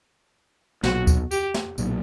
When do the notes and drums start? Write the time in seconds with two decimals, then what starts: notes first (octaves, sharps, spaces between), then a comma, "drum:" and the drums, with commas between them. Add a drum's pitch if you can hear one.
0.83 B1 A#2 F#3 F#4, drum: snare
1.07 drum: kick D2, tambourine
1.31 G4, drum: tambourine
1.54 drum: snare
1.78 B1 A#2 F#3, drum: tambourine